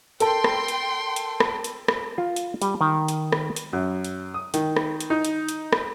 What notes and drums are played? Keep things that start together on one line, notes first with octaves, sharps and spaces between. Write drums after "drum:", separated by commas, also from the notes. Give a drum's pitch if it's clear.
A4 A#4 G5 A5 C6, drum: hi-hat
drum: rim click
drum: hi-hat
drum: hi-hat
drum: rim click
drum: hi-hat
drum: rim click
F4
drum: hi-hat
G3, drum: hi-hat
D#3
drum: hi-hat
drum: rim click
drum: hi-hat
F#2
drum: hi-hat
D#6
D#3, drum: hi-hat
drum: rim click
drum: hi-hat
D#4
drum: hi-hat
drum: hi-hat
drum: rim click